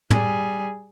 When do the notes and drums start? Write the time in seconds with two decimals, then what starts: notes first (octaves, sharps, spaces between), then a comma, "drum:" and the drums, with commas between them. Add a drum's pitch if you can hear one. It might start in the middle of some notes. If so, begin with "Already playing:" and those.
0.10 G3 G#4, drum: tom